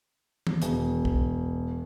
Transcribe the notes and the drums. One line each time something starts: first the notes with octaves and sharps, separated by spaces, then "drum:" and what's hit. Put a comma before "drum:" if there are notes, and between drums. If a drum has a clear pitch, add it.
drum: tom D#3
E1, drum: hi-hat
drum: kick